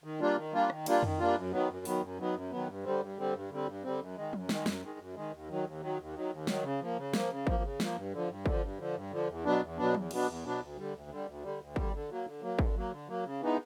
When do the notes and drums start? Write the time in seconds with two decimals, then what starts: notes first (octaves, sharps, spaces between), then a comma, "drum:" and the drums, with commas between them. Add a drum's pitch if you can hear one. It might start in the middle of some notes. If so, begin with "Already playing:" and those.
0.04 D#3
0.20 G3 A#3 D4 F4
0.37 D#3
0.53 G3 A#3 D4 F4
0.70 D#3, drum: rim click
0.86 G3 A#3 D4 F4, drum: cymbal
1.03 D#3, drum: tom F2
1.19 G3 A#3 D4 F4
1.35 F#2
1.52 D#3 F#3 B3
1.69 F#2
1.85 D#3 F#3 B3, drum: open hi-hat
2.02 F#2
2.19 D#3 F#3 B3
2.35 F#2
2.51 D#3 F#3 B3
2.68 G2
2.84 D3 G3 C4
3.01 G2
3.17 D3 G3 C4
3.33 G2
3.50 D3 G3 C4
3.67 G2
3.83 D3 G3 C4
3.99 F#2
4.16 D#3 G#3
4.33 F#2, drum: tom F3
4.49 D#3 G#3, drum: snare
4.66 F#2, drum: snare
4.82 D#3 G#3
4.99 F#2
5.15 D#3 G#3
5.32 D#2
5.49 D#3 F#3
5.65 D#2
5.81 D#3 F#3
5.98 D#2
6.15 D#3 F#3
6.30 D#2
6.47 D#3 F#3, drum: snare
6.64 C#3
6.81 F3 A#3
6.97 C#3
7.13 F3 A#3, drum: snare
7.30 C#3
7.47 F3 A#3, drum: kick
7.63 C#3
7.80 F3 A#3, drum: snare
7.96 G2
8.13 D3 F3
8.29 G2
8.46 D3 F3, drum: kick
8.62 G2
8.79 D3 F3
8.95 G2
9.12 D3 F3
9.28 E2
9.45 B2 F#3 B3 D4
9.62 E2
9.78 B2 F#3 B3 D4
9.94 E2, drum: tom F3
10.11 B2 F#3 B3 D4, drum: cymbal
10.28 E2
10.44 B2 F#3 B3 D4
10.60 D2
10.77 D3 G3
10.94 D2
11.10 D3 G3
11.27 D2
11.43 D3 G3
11.59 D2
11.76 D3 G3, drum: kick
11.93 D3
12.09 F#3 A#3
12.26 D3
12.42 F#3 A#3
12.59 D3, drum: kick
12.75 F#3 A#3
12.91 D3
13.08 F#3 A#3
13.25 C#3
13.41 E3 G#3 B3 D#4